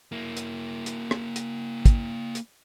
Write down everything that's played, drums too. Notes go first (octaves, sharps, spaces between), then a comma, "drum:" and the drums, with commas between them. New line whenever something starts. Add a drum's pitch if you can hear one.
A#3 E4
drum: hi-hat
drum: hi-hat
drum: rim click
drum: hi-hat
drum: kick, hi-hat
drum: hi-hat